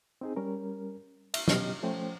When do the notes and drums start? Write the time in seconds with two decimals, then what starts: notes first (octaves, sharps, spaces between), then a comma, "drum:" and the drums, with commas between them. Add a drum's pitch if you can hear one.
0.21 C4 D#4 G#4
0.36 G3 C#4 A#4
1.34 E5, drum: cymbal
1.48 B2 F#3 C#4 G4 D#5 F6, drum: snare
1.83 F3 A3 C#4 C5 G5